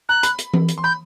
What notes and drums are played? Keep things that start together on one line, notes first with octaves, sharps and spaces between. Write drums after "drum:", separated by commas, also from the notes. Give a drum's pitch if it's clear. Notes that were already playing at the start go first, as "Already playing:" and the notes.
A#5 F#6
B5, drum: hi-hat
drum: hi-hat
drum: tom E3
drum: hi-hat
C6
B5 G6